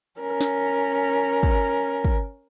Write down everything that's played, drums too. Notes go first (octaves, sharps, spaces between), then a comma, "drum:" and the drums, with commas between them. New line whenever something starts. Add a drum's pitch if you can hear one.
C#4 A#4
drum: snare
drum: kick
drum: kick